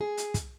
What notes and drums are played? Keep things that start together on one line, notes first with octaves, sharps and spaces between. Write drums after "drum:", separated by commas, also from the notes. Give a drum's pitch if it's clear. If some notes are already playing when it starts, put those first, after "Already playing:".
G#4
drum: hi-hat
drum: kick, hi-hat